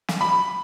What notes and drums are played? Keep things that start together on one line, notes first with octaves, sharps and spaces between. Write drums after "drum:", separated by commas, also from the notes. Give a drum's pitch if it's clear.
drum: snare
B5